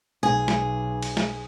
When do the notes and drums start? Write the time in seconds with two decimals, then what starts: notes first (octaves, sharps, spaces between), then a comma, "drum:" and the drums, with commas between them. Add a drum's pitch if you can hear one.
0.23 B1 G#4
0.48 drum: snare
1.03 drum: cymbal
1.17 drum: snare